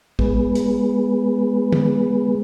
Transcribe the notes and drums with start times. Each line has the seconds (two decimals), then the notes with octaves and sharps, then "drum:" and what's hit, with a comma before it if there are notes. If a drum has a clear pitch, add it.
0.19 G#3 B3, drum: kick
0.55 drum: hi-hat
1.73 drum: tom